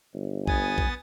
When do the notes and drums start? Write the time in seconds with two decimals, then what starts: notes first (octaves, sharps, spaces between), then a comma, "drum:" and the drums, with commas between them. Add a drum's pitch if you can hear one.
0.14 G1
0.47 B3 G#5 D#6 A6, drum: kick A#1
0.78 drum: kick A#1